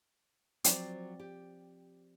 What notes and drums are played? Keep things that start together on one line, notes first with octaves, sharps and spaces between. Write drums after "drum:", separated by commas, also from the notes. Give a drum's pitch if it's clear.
F3 F#3 C4 C5 D5, drum: hi-hat
G4